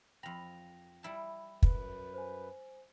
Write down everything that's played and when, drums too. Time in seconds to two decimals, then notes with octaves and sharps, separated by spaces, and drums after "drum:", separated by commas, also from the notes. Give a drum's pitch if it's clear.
0.23 F2 G5 B5 A#6 F7
1.03 G3 E4 A5
1.63 F#2 B4, drum: kick
2.14 C5 G#5